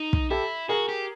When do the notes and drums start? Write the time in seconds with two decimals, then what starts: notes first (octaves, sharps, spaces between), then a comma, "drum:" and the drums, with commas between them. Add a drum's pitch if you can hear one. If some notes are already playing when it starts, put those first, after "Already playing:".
Already playing: D#4
0.13 drum: kick
0.30 E4 G4 A4
0.69 F#4 G#4 A#4
0.89 G4